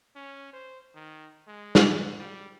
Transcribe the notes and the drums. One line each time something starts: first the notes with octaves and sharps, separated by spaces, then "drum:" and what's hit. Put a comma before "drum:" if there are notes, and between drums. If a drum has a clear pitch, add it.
C#4
C5
D#3
G#3
drum: snare
F2
G3